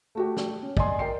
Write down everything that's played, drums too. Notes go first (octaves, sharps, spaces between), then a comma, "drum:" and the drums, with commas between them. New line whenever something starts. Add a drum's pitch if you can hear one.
A3 F#4 G4
drum: snare
C#4
D5 D#5 G#5 C6, drum: kick
A#4 D5 G5 C7